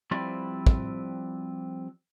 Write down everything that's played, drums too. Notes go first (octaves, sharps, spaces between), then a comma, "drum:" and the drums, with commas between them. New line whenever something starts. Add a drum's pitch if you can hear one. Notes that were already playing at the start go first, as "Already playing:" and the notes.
F3 G3 C4 E4 B4 D5
drum: kick